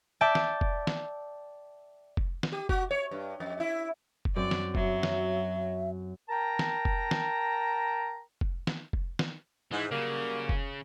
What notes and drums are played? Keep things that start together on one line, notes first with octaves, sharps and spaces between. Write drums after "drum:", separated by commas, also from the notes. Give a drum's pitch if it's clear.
D5 E5 G5 A5
drum: snare
drum: kick F1
drum: snare
drum: kick F1
drum: snare
G4
F#4, drum: kick F1
C#5
G2
F2
E4
drum: kick F1
F#2 C4 D5
drum: snare
F#3 E5, drum: kick F1
drum: snare
A#4 G5 A5 A#5
drum: snare
drum: kick F1
drum: snare
drum: kick F1
drum: snare
drum: kick F1
drum: snare
G#2 E3
C#3 F#3 G3 A#3
drum: kick F1